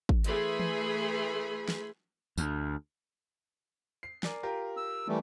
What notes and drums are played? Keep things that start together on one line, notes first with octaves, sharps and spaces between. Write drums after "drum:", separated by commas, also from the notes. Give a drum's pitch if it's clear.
drum: kick
E3 A3 G#4 B5 C6, drum: hi-hat
drum: tom E3
drum: snare
D2, drum: tambourine
C7
A#4 D5 G#5, drum: snare
F4 G4 A#4
E6
E3 G3 A3